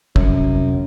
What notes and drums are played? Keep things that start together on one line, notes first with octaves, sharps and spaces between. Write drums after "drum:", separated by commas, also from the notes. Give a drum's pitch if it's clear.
F1 C2 F#2 D3, drum: kick